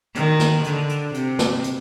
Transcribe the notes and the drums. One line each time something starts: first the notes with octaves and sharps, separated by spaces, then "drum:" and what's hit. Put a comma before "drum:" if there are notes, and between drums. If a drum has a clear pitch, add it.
D#3, drum: hi-hat
drum: snare
D3, drum: hi-hat
drum: hi-hat
C3, drum: hi-hat
drum: snare
drum: hi-hat